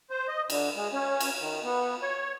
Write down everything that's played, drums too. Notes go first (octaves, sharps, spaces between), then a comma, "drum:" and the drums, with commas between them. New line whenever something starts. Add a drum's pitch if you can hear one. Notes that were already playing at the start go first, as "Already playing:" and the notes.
C5
D#5
D3, drum: cymbal
G#3
C#4
drum: cymbal
D#3
B3
C#5